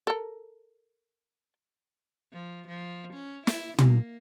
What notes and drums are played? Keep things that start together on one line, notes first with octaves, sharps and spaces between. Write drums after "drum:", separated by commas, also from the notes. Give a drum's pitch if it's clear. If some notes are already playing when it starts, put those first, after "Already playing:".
A4 A#4
F3
F3
C#4
E4, drum: snare
A#3, drum: tom